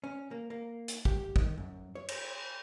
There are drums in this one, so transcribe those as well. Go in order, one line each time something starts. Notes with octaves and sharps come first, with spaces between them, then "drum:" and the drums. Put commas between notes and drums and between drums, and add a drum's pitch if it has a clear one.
C#4
A#3
A#3
drum: hi-hat
G4, drum: kick
D#3, drum: kick
F#2
C#5
drum: cymbal